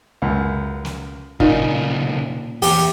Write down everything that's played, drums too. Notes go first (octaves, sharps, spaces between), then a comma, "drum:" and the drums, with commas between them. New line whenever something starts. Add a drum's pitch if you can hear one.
C#2 F#2
drum: snare
B1 A#2 C#3 D#4, drum: kick
E2 G4, drum: open hi-hat